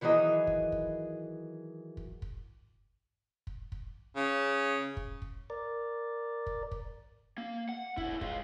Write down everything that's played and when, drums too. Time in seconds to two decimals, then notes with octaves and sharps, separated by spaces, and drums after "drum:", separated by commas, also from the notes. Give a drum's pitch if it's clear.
0.01 D#3 E3 F#3 G#4 D#5
0.47 drum: kick
0.72 drum: kick
1.97 drum: kick
2.22 drum: kick
3.47 drum: kick
3.72 drum: kick
4.16 C#3
4.97 drum: kick
5.22 drum: kick
5.50 A#4 D5
6.47 drum: kick
6.71 drum: kick
7.38 A#3
7.69 F#5
7.97 F2 E4, drum: kick
8.21 G#3 F4, drum: kick